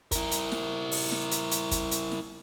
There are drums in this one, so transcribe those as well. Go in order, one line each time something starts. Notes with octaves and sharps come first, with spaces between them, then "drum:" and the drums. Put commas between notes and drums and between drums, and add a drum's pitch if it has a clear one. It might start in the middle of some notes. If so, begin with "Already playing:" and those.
E4 A#4, drum: kick, hi-hat
drum: hi-hat
drum: snare
drum: open hi-hat
drum: snare
drum: hi-hat
drum: hi-hat
drum: kick, hi-hat
drum: hi-hat
drum: snare